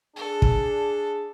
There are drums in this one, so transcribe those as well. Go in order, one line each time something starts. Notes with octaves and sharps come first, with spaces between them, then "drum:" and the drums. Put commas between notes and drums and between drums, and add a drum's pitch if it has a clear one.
D4 G#4 A4
drum: kick